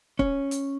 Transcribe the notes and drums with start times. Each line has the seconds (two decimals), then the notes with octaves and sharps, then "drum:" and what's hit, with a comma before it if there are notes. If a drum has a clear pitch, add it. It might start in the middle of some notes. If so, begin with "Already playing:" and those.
0.19 C#4, drum: kick
0.51 drum: hi-hat